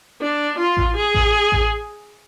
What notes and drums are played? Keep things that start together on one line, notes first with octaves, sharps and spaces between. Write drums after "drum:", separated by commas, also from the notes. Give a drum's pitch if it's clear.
D4
F4
drum: kick A1
G#4
drum: kick A1
drum: kick A1